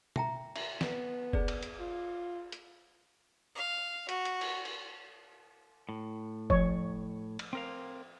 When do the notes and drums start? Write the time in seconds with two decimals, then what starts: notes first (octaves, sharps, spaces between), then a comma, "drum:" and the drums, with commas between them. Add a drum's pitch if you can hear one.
0.16 E5 G5 A#5, drum: tom B2
0.56 E5, drum: cymbal
0.81 B3, drum: snare
1.33 G#4 B4 D5, drum: kick F1
1.48 drum: cymbal
1.63 drum: hi-hat
1.80 F4
2.52 drum: hi-hat
3.56 F5
4.09 F#4, drum: hi-hat
4.25 drum: hi-hat
4.41 drum: cymbal
4.65 drum: cymbal
5.89 A2
6.50 F3 C#5, drum: kick F1
7.39 drum: cymbal
7.53 C4 A#4 F5